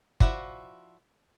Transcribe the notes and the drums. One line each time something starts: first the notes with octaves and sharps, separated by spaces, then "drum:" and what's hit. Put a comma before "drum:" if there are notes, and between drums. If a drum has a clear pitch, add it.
F3 F#3 E4 F#4 D5, drum: kick